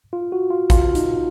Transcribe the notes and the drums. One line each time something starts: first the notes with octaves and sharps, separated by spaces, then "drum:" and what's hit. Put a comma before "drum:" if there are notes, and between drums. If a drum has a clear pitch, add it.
F4
F#4
F4
F4, drum: kick G#1, hi-hat
D#4, drum: hi-hat